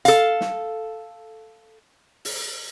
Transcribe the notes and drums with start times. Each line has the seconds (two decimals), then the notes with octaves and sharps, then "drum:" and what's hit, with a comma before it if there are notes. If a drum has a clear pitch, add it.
0.05 A4 F5, drum: hi-hat
0.41 drum: snare
2.25 drum: open hi-hat